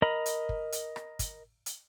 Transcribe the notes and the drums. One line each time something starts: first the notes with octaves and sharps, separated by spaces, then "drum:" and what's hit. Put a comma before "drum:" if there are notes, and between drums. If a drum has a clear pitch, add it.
A#4 D#5 A#5 B5
drum: hi-hat
drum: kick
drum: hi-hat
drum: rim click
drum: kick, hi-hat
drum: hi-hat